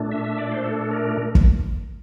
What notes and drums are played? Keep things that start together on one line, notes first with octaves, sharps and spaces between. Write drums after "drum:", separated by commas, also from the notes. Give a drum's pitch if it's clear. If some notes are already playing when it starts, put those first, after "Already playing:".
Already playing: A#2 A3 D4
E5
E5
D5
C5
A4
A4
A#4
drum: kick